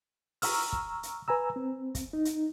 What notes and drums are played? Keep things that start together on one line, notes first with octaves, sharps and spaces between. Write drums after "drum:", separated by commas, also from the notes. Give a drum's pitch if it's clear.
A#5 C#6 E6 F6, drum: open hi-hat
drum: kick
drum: hi-hat
B4 G#5 A#5 E6
C4
drum: kick, hi-hat
D#4
drum: hi-hat